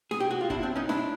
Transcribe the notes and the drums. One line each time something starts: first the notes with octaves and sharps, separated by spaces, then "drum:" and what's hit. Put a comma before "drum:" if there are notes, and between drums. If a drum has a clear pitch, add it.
G#4, drum: snare D4
G4
F#4
F4
D4 E4, drum: kick
C4 D4
C#4 D#4
D4 E4, drum: snare D4